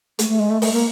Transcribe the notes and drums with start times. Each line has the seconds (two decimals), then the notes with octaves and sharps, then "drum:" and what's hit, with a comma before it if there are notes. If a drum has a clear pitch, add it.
0.19 A3, drum: hi-hat
0.29 A3
0.39 G#3
0.50 A3
0.62 A3, drum: open hi-hat
0.73 A#3